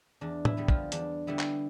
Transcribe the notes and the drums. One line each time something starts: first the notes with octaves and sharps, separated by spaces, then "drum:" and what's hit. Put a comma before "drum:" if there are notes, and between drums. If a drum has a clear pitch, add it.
E2 D4
E4, drum: tom A2
D3 G3 B3
F3 F4, drum: kick
E2 D4, drum: hi-hat
D3 G3 B3 E4
drum: clap